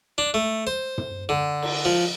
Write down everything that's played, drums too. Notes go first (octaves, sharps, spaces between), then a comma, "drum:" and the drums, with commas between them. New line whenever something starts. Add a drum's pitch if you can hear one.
D4
A3
C5
drum: tom
D3
drum: cymbal
F3